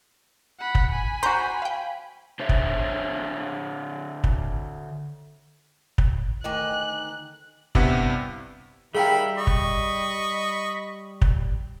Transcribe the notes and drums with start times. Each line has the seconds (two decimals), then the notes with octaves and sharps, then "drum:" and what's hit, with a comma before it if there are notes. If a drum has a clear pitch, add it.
0.60 F#5 B5
0.75 drum: kick
0.91 G#5 B5
1.23 F#4 C5 A#5 C6 G6
1.62 F5 G5
2.40 D3 C5 C#5 E5
2.49 drum: kick
4.24 drum: kick
5.98 drum: kick
6.44 D2 D#3 D#5 G5 G#5 D6 F#6
7.75 G2 C3 B3 E4 F#5, drum: kick
8.95 D#3 G3 G#4 A#4 E5 F5 G5 B5
9.38 D#5 B5 C#6
9.47 drum: kick
11.22 drum: kick